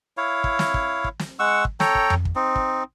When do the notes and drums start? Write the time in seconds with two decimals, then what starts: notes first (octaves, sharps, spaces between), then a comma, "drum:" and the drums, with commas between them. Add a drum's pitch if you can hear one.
0.17 E4 C#5 F5
0.44 drum: kick
0.59 drum: snare
0.74 drum: kick
1.04 drum: kick
1.19 drum: snare
1.39 G#3 F#5 C#6 E6
1.65 drum: kick
1.80 A4 C#5 G5 A#5, drum: snare
1.95 drum: kick
2.10 drum: tom F2
2.25 drum: kick
2.35 C4 D#4
2.56 drum: kick